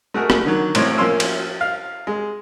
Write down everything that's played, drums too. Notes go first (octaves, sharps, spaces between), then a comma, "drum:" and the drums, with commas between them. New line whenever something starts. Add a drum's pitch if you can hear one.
A3 F#4 G#4 A#4
drum: rim click
D3 D#3 F#3
A1 A2 C4 C#5, drum: cymbal
F3 A#3 C#4 C6 E6
drum: cymbal
F5
G#3